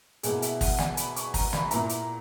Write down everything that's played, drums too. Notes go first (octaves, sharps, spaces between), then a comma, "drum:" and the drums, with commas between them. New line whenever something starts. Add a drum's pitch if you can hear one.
B2 A#3 E4 G#4, drum: hi-hat
E5, drum: hi-hat
F#5, drum: kick, open hi-hat
G#5, drum: snare
B5, drum: hi-hat
C#6, drum: hi-hat
A#5, drum: kick, open hi-hat
B5, drum: snare
A#2 A#3 E4 A#5, drum: hi-hat
drum: hi-hat